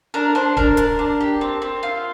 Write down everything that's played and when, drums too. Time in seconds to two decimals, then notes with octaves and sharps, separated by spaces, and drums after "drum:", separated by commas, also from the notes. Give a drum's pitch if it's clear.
0.14 D4 A#4
0.35 D4 C5
0.57 D4 A#4, drum: kick D1
0.77 D4, drum: hi-hat
0.99 D4
1.21 G4
1.41 C4
1.62 C4
1.83 F4